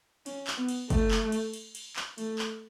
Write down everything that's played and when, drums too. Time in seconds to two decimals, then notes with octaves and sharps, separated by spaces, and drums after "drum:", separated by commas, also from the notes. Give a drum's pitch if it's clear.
0.26 C#4, drum: cymbal
0.47 drum: clap
0.58 B3
0.68 drum: cymbal
0.90 A3, drum: kick, cymbal
1.11 drum: clap
1.32 drum: cymbal
1.54 drum: cymbal
1.75 drum: cymbal
1.96 drum: clap
2.18 A3, drum: cymbal
2.39 drum: clap